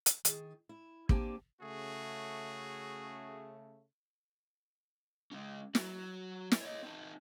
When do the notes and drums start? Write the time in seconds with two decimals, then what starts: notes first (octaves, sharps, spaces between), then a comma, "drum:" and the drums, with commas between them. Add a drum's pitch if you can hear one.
0.06 drum: hi-hat
0.25 D#3 G#4, drum: hi-hat
0.69 E4
1.09 A#3 C4 D4 G4 G#5 A5, drum: kick
1.61 C#3 A3 F#4 G#4
5.31 G#3 C#4
5.75 F#3 F#4, drum: snare
6.52 drum: snare
6.62 C#5 D#5
6.83 C4 D#4